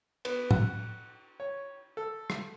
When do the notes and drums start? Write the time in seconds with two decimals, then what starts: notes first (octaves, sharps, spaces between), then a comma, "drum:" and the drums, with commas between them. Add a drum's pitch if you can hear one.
0.25 B3, drum: cymbal
0.51 F#5, drum: tom A2
1.40 C#5
1.97 A4
2.30 drum: rim click